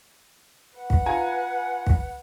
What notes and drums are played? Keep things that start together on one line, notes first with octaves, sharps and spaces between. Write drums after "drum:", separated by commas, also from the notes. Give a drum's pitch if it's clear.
B4 F#5
drum: kick
F4 G#5 A#5
drum: kick